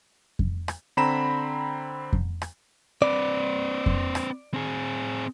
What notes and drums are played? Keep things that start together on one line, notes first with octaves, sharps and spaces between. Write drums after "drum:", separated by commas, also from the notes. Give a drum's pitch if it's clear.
drum: kick F2
drum: rim click
D3 C4 A#5 B5 E7
drum: kick F2
drum: rim click
C4 B4 D5
drum: kick F2
drum: rim click
C4 G#4